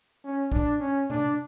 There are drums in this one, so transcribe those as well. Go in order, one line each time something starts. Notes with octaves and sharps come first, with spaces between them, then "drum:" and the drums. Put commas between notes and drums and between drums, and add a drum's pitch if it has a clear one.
C#4
D4, drum: kick
C#4
D4, drum: tom C3